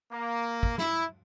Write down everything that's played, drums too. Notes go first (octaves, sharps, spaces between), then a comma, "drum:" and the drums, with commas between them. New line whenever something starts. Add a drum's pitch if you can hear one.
A#3
drum: kick
E4, drum: snare